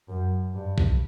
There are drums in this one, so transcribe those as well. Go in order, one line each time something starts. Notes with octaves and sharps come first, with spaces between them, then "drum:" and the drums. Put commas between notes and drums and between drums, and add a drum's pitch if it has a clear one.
F#2
G2
drum: kick